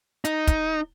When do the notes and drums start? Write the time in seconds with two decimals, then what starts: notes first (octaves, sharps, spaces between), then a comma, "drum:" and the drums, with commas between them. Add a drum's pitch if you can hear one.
0.25 D#4, drum: hi-hat
0.47 drum: kick, hi-hat